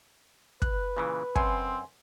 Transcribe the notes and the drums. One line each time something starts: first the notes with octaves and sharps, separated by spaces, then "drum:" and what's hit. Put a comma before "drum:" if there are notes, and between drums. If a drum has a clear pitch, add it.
B4 F#6, drum: kick
A#2 C#3 E3
F#2 C4 G#5 C6, drum: kick